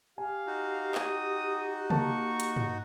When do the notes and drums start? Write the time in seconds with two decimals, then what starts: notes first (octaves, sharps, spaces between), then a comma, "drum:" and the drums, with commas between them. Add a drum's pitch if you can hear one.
0.18 G4 F5 G#5
0.47 D#4 F#4
0.95 D#6, drum: clap
1.90 A#3 A5 C#6, drum: tom
2.40 drum: hi-hat
2.56 drum: tom